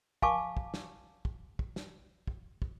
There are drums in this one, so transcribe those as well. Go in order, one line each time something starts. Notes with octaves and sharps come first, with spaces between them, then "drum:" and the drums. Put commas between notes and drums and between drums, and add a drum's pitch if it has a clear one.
F5 G#5 A5 C#6 D6, drum: kick
drum: kick
drum: snare
drum: kick
drum: kick
drum: snare
drum: kick
drum: kick